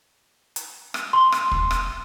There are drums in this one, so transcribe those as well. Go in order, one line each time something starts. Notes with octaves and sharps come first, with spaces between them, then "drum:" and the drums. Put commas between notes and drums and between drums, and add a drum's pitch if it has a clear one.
drum: hi-hat
drum: rim click
C6
drum: rim click
drum: kick
drum: rim click